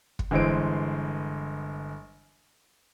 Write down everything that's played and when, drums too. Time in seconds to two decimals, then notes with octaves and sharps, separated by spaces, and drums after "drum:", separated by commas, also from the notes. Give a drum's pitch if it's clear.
0.19 drum: kick
0.31 G1 E3 G#3 C5 D7